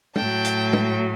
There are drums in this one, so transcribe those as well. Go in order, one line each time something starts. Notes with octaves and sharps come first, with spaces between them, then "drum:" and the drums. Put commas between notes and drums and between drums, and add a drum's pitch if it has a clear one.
A2 F#3 G5 A5, drum: tom
drum: hi-hat
drum: tom